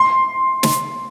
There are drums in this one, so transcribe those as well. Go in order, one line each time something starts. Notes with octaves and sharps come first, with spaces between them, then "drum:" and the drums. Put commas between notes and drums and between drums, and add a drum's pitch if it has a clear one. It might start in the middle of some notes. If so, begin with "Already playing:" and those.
Already playing: C6
drum: snare